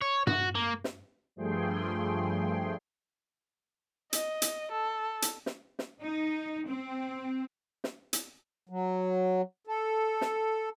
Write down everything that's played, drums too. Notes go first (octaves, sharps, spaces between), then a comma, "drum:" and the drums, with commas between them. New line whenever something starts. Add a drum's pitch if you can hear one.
C#5
F#4, drum: tom G2
A#3
drum: snare
G2 F3 A3 G#4 G5 C6
D#5, drum: hi-hat
drum: hi-hat
A4
drum: hi-hat
drum: snare
drum: snare
D#4
C4
drum: snare
drum: hi-hat
F#3
A4
drum: snare